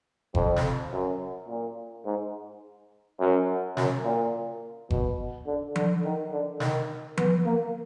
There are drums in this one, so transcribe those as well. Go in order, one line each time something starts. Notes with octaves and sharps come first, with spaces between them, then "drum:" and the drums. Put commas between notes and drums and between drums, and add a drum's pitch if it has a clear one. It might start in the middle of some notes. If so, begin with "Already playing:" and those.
F2, drum: kick F#1
drum: snare
F#2
A#2
G#2
F#2
F#2, drum: snare
A#2
B2, drum: kick F#1
D3
D3, drum: tom F3
D#3
D3
D#3, drum: snare
B3, drum: tom F3
A#3